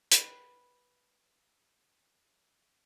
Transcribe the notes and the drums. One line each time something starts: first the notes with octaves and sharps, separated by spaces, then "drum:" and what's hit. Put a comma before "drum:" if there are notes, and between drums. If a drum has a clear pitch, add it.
B4 F#5 G5 B5, drum: hi-hat